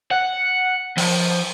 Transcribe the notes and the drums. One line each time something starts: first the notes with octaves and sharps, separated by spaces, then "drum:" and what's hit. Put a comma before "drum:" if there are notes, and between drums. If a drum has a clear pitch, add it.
F#5
F3, drum: open hi-hat